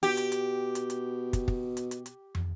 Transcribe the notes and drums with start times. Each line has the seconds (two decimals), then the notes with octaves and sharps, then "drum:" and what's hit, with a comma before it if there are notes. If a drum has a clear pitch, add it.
0.03 B2 G4, drum: hi-hat
0.17 drum: hi-hat
0.32 drum: hi-hat
0.75 drum: hi-hat
0.90 drum: hi-hat
1.33 drum: kick, hi-hat
1.48 drum: kick
1.77 drum: hi-hat
1.91 drum: hi-hat
2.06 drum: hi-hat
2.35 drum: tom